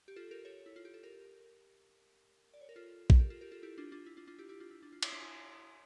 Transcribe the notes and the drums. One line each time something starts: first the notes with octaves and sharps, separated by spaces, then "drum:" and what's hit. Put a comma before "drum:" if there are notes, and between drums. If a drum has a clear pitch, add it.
G4
F4 A4
G4 A#4
A4 C#5
E4
F4
G4
A4
G4 A#4
D5
C#5
A#4
F4 A4
A4, drum: kick A#1
G4 A#4
F4 A4
G4 A#4
F4 A4
E4 G4
D4 F4
D4 F4
E4
D4 F4
D4 F4
E4 G4
E4 G4
D4 F4
E4
D4
F4
E4, drum: cymbal
D4
E4